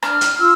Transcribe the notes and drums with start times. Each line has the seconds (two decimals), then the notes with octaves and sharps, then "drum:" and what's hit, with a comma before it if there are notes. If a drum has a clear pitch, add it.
0.02 D4 F6, drum: rim click
0.21 drum: hi-hat
0.39 F4 E6